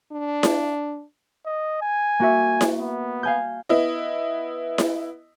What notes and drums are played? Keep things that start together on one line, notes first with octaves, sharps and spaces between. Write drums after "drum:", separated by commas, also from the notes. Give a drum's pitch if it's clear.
D4
drum: snare E4
D#5
G#5
A#3 F#4 E5
drum: snare E4
B3
F5 G#5 G6
B3 E4 D#5
drum: snare E4